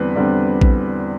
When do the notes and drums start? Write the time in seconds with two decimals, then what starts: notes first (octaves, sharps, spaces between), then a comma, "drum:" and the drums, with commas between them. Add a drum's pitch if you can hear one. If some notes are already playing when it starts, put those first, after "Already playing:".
Already playing: E2 D3 G3 C4 B4
0.15 E2 D3 G3 C4 D5
0.61 drum: kick A#1